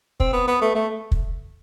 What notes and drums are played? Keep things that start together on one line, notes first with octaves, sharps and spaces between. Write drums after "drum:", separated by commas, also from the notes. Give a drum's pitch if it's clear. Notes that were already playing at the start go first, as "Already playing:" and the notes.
C4, drum: kick
B3
B3
A3
A3
drum: kick